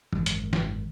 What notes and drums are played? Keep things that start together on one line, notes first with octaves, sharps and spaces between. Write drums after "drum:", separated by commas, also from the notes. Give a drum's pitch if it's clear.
G#1 F#2, drum: tom E3
drum: hi-hat
drum: snare